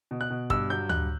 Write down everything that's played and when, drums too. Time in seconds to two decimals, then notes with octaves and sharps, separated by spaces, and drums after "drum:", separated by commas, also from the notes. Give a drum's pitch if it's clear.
0.11 B2
0.21 F#6
0.30 B2
0.50 G2 E6, drum: kick
0.70 F#3 G6
0.89 G2 F#6, drum: tom D2